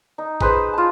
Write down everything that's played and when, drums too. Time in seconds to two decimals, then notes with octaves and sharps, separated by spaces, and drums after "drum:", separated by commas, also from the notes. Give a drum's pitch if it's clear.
0.18 D#4
0.41 G#4 B4 C5 B5, drum: kick
0.73 F4 A5